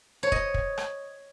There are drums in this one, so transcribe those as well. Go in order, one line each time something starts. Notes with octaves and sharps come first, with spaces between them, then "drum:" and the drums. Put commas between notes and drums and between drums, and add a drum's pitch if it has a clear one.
C#5
D#5, drum: kick
drum: kick
drum: rim click